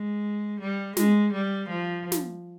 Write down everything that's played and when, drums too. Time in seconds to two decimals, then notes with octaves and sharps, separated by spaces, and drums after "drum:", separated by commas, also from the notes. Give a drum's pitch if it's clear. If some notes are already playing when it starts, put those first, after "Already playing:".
Already playing: G#3
0.60 G3
0.97 G#3, drum: snare
1.33 G3
1.69 F3
2.12 drum: snare